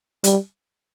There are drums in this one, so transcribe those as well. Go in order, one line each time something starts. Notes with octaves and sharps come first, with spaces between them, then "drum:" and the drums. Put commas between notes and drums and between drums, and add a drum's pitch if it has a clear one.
G3, drum: hi-hat